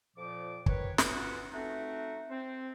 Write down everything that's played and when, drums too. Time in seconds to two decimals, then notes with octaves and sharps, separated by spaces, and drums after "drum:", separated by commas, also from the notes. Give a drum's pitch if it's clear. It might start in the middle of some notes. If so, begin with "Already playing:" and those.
0.16 F2 A#2 F3 D6
0.66 D#3 B4 C#5, drum: kick
0.98 B3 C#4 F4 F#4 F#5, drum: snare
1.52 A3 C4 D#4 F#4
2.29 C4